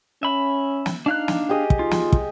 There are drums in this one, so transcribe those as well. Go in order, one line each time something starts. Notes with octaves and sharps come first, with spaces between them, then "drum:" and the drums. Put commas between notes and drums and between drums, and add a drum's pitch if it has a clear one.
C#4 E5 B5
drum: snare
D4 D#4 F5 F#6
drum: snare
G4 G#4 D#5
drum: kick
D#4 F4
drum: snare
drum: kick